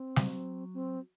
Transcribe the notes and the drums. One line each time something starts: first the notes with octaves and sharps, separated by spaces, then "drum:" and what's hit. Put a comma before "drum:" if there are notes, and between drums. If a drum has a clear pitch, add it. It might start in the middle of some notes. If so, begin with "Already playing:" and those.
Already playing: C4
F#3, drum: snare
C4